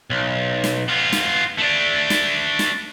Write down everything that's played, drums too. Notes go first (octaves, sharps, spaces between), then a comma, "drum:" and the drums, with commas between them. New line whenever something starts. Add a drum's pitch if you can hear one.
B1
drum: snare
B3 F4
drum: snare
A3 D4
drum: snare
drum: snare